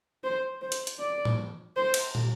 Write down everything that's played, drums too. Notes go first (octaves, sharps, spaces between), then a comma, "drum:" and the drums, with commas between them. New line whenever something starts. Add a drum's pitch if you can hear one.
C5
C5
drum: hi-hat
drum: hi-hat
D5
drum: tom
C5
drum: cymbal
drum: tom